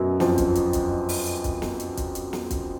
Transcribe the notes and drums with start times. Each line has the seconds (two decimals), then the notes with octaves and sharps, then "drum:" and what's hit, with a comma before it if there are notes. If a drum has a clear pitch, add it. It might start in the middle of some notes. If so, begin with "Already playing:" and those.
Already playing: F#2 B2 F#3 B3
0.20 F2 F3, drum: snare
0.38 drum: kick, hi-hat
0.55 drum: hi-hat
0.73 drum: kick, hi-hat
1.09 drum: open hi-hat
1.26 drum: hi-hat
1.44 drum: kick, hi-hat
1.62 drum: snare
1.80 drum: hi-hat
1.97 drum: kick, hi-hat
2.15 drum: hi-hat
2.33 drum: snare
2.51 drum: kick, hi-hat